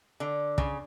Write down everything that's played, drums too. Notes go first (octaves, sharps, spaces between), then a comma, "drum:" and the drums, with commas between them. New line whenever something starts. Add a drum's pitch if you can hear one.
D3
C#3, drum: kick